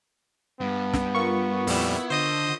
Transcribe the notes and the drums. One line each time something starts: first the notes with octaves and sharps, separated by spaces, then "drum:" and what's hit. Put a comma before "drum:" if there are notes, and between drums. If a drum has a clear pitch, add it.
G2 B3
drum: snare
F4 A#4 C#6
F2 A#2 G3 E4, drum: open hi-hat
D3 C5 D#5 D#6